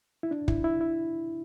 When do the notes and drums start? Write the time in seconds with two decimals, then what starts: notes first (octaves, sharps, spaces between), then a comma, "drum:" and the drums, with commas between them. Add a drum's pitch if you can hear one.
0.23 E4
0.31 D4
0.48 E4, drum: kick
0.64 E4
0.81 E4